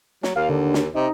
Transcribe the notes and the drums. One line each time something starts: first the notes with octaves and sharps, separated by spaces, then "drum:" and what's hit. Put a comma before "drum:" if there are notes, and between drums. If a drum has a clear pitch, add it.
F#3, drum: snare
D#2 F5
D3
drum: snare
C3 D#4